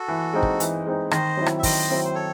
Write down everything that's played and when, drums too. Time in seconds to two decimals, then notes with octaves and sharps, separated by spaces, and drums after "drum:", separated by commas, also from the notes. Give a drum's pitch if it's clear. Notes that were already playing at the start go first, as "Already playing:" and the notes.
Already playing: F#4 A4
0.08 E3
0.33 G#3 C4 D#4
0.43 drum: kick
0.60 E3, drum: hi-hat
0.86 G#3 C4 D#4
1.11 D#3 C5 D#5, drum: rim click
1.37 F#3 C4 E4
1.46 drum: rim click
1.59 E5
1.63 D#3 C5 D#5, drum: kick, open hi-hat
1.90 F#3 C4 E4
2.05 C5
2.15 A4 C#5